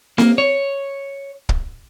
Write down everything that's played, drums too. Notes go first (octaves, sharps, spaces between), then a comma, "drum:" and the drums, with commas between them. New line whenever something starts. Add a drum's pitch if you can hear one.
A#3, drum: snare C4
C#5
drum: kick